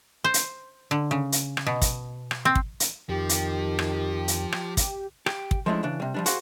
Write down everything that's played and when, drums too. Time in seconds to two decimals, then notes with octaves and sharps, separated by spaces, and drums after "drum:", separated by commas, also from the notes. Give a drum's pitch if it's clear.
0.24 C5
0.34 drum: hi-hat
0.91 D3
1.11 C#3
1.32 drum: hi-hat
1.57 drum: rim click
1.67 B2
1.82 drum: kick, hi-hat
2.31 drum: rim click
2.45 C4
2.55 drum: kick
2.80 drum: hi-hat
3.09 F2 D#3 F3 G4
3.29 drum: hi-hat
3.79 drum: rim click
4.28 drum: hi-hat
4.52 drum: rim click
4.77 drum: kick, hi-hat
5.26 G4, drum: rim click
5.51 drum: kick
5.66 F3 G#3 A3 C#4 D4 E4
5.83 C#3 E3 D4
6.00 C3 G3
6.14 F3 G3 D4
6.26 F#4 G#4 C5 F5 F#5, drum: hi-hat